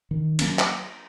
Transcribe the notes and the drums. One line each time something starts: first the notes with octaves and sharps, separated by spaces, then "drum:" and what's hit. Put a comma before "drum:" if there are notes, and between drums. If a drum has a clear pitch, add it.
D#3
F#3 A#3 C#4, drum: cymbal
drum: clap